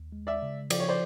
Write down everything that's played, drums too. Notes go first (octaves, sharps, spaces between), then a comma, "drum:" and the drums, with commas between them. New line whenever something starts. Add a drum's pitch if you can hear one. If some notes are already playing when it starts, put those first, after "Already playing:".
Already playing: D#2
G#3
D5 E5
C#3
F3 D5, drum: cymbal
C#5
C5 D5